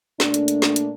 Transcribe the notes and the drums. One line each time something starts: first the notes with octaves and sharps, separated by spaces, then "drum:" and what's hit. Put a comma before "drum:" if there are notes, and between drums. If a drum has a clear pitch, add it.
A#2 A3 D4, drum: snare
drum: hi-hat
drum: hi-hat
drum: snare
drum: hi-hat